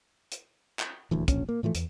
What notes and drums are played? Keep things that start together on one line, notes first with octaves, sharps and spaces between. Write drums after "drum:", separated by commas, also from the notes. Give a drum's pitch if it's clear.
drum: hi-hat
drum: clap
D#1 D2 E3
E1 A#1 C#4, drum: kick, hi-hat
A#3
A2 E3 F3 A3
E2, drum: hi-hat